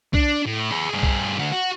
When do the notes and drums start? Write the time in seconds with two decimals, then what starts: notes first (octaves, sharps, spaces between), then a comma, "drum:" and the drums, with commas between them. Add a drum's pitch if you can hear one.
0.14 D4, drum: kick B1
0.46 A2
0.71 G#4 B4
0.91 G2 G#4
1.03 drum: kick B1
1.40 D3 F#4
1.52 F#4